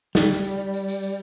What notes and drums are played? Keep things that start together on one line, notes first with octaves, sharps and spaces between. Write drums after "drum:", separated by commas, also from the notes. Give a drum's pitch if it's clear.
G3, drum: snare
drum: tambourine
drum: tambourine
drum: tambourine
drum: tambourine
drum: tambourine